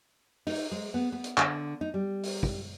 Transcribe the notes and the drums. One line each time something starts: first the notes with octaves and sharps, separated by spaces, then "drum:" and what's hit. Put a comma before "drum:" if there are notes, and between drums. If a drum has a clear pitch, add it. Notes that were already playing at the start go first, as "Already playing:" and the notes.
D#4, drum: open hi-hat
G#3
B3
B3
drum: hi-hat
D3, drum: clap
D#4
G3
drum: open hi-hat
drum: kick